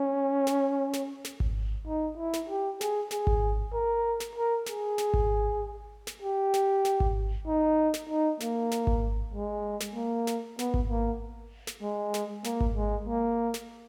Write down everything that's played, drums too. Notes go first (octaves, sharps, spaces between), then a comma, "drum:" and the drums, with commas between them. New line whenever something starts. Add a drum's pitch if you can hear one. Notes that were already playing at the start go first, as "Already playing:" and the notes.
Already playing: C#4
drum: snare
drum: snare
drum: snare
drum: kick G#1
D#4
E4
drum: snare
G4
G#4, drum: snare
G#4, drum: snare
drum: kick G#1
A#4
drum: snare
A#4
G#4, drum: snare
drum: snare
drum: kick G#1
drum: snare
G4
drum: snare
drum: snare
drum: kick G#1
D#4
drum: snare
D#4
A#3, drum: snare
drum: snare
drum: kick G#1
G#3
drum: snare
A#3
drum: snare
B3, drum: snare
drum: kick G#1
A#3
drum: snare
G#3
drum: snare
A#3, drum: snare
drum: kick G#1
G#3
A#3
drum: snare